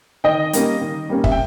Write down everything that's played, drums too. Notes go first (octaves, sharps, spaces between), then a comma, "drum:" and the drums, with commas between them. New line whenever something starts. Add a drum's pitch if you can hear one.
D#3 D#5 G5
G3 A#3 C#4, drum: hi-hat
D#3
G3 A#3 C#4
E5, drum: kick
G5